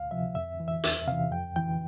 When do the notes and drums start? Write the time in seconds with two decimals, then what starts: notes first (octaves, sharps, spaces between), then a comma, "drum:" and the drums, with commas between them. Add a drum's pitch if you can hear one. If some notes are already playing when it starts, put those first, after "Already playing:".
Already playing: D2 F5
0.11 C3 F3 E5
0.35 F2 E5
0.60 E3
0.68 E5
0.84 E2 E5, drum: hi-hat
1.07 C3 E3 F5
1.31 F2 G5
1.56 E3 G5